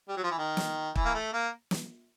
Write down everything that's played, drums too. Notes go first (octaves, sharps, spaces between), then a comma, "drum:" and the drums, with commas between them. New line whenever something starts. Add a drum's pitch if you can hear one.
G3
F#3
F3
E3
D#3
drum: snare
E3, drum: kick
A#3
A3
A#3
drum: snare